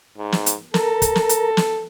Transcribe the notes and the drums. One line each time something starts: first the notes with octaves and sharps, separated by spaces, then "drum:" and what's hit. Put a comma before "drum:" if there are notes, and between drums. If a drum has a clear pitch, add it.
G#2
drum: snare
drum: hi-hat
A4 A#4, drum: snare
drum: kick, hi-hat
drum: snare
drum: hi-hat
drum: snare